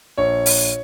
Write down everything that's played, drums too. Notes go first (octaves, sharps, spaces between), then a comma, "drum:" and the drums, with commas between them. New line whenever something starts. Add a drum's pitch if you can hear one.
A#1 C#5
drum: open hi-hat